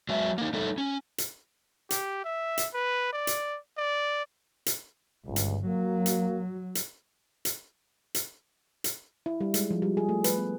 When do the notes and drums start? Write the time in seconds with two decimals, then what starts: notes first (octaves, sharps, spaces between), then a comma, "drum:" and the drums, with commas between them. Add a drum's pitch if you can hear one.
0.09 F#3 G#3 E5
0.38 A#3 D#4
0.53 G3 A3 D#4 A4
0.78 C#4
1.18 drum: hi-hat
1.90 G4, drum: hi-hat
2.25 E5
2.58 drum: hi-hat
2.74 B4
3.13 D5
3.27 drum: hi-hat
3.78 D5
4.66 drum: hi-hat
5.26 G1 C#2
5.36 drum: hi-hat
5.67 F#3 A#3
6.06 drum: hi-hat
6.75 drum: hi-hat
7.45 drum: hi-hat
8.15 drum: hi-hat
8.84 drum: hi-hat
9.26 E4
9.41 G3
9.54 G#3, drum: hi-hat
9.71 F3
9.82 G3
9.97 G#4
10.09 A3
10.24 B4, drum: hi-hat
10.38 B3